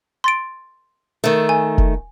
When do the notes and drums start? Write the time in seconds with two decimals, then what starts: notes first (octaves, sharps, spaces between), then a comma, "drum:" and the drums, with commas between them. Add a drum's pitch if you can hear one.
0.24 C6 A6 D7
1.24 D#3 A3
1.49 G#5
1.78 drum: kick F1